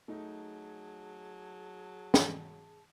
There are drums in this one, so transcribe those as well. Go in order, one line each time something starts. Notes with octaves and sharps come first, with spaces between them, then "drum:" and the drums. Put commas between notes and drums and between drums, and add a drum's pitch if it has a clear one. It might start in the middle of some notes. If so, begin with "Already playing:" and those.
F#3 A3 D#4 G#4 A5
drum: snare